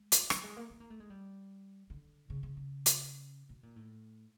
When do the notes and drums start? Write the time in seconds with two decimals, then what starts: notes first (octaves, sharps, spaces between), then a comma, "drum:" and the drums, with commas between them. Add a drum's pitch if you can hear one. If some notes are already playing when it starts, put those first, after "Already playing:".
Already playing: G#3
0.12 drum: hi-hat
0.30 F#3, drum: rim click
0.43 G#3
0.57 A#3
0.70 B3
0.80 A#3
0.90 A3
1.00 G#3
1.10 G3
1.90 D3
2.30 C#3
2.43 C#3
2.57 C#3
2.86 drum: hi-hat
3.49 B2
3.63 A#2
3.76 A2